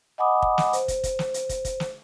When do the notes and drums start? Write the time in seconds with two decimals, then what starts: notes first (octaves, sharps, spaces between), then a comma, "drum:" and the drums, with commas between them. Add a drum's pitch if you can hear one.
0.18 D#5 F#5 G#5 B5 D6 D#6
0.42 drum: kick
0.58 drum: snare
0.73 C5, drum: hi-hat
0.88 drum: kick, hi-hat
1.04 drum: kick, hi-hat
1.19 drum: snare
1.34 drum: hi-hat
1.49 drum: kick, hi-hat
1.65 drum: kick, hi-hat
1.80 drum: snare